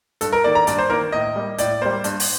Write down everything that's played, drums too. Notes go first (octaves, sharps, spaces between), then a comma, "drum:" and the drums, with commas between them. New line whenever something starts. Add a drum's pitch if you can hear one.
G2 A4, drum: hi-hat
A#4
D#3 A#3 D5
A#5
G2 D5, drum: hi-hat
C5
D#3 A#3 A#4
A2 D#5
G3 A#3
A2 D5, drum: hi-hat
G3 A#3 C5
G2, drum: hi-hat
drum: open hi-hat